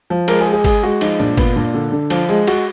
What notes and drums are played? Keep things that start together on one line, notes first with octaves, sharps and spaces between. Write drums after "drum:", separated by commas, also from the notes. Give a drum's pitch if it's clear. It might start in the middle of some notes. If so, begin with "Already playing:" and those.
F3
G#3 A#4, drum: cymbal
G#4
G#3
G#4
G#3 G#4, drum: kick G1, cymbal
G#3 F#4
F3 D#4, drum: cymbal
A#2 D4
A#2 B3, drum: kick G1, cymbal
A#2 D4
D3
D3
F3, drum: cymbal
G#3
G#3 F#4, drum: cymbal